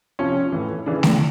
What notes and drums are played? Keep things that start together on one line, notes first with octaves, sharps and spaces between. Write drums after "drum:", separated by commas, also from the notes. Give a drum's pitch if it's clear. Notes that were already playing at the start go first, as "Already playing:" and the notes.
C3 F3 C#4
A2 E3
C#3 E3 D4
drum: snare A3